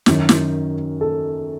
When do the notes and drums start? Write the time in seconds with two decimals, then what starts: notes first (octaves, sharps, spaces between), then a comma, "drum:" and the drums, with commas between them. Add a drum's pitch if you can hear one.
0.06 F#2 D#3 F#3, drum: snare
0.29 drum: snare
1.01 A4